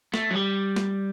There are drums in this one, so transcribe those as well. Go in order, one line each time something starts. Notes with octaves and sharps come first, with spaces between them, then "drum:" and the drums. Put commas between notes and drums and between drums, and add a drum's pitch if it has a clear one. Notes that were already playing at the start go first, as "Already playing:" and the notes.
A3, drum: snare
F#3
G3
drum: snare